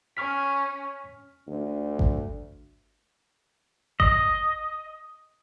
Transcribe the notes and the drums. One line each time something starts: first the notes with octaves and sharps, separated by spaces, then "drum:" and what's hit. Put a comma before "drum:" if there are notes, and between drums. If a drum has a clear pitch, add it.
C#4 C#6 F6 B6
D2
drum: kick G#1
D#5, drum: kick G#1